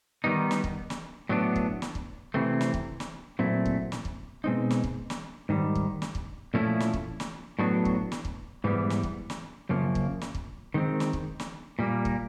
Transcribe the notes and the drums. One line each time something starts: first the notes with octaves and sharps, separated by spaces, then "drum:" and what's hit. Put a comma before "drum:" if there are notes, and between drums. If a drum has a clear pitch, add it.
D#3 G3 B3 D#4
drum: snare
drum: kick
drum: snare
A2 F#3 B3 D4
drum: kick
drum: snare
drum: kick
C3 E3 A3 C4
drum: snare
drum: kick
drum: snare
A#2 F#3 A3 C4 E4
drum: kick
drum: snare
drum: kick
B2 G#3 C4 D#4
drum: snare
drum: kick
drum: snare
G#2 D#3 G3
drum: kick
drum: snare
drum: kick
A#2 F3 A3 C#4 E4
drum: snare
drum: kick
drum: snare
A2 F#3 B3 D4
drum: kick
drum: snare
drum: kick
G#2 E3 G3 B3
drum: snare
drum: kick
drum: snare
F#2 C#3 F3 A#3
drum: kick
drum: snare
drum: kick
D#3 G#3 C4
drum: snare
drum: kick
drum: snare
A#2 G3 A#3
drum: kick